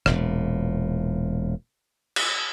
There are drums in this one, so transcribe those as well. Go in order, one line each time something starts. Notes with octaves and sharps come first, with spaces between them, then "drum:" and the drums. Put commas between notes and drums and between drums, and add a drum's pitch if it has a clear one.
E1 A#2, drum: rim click
drum: cymbal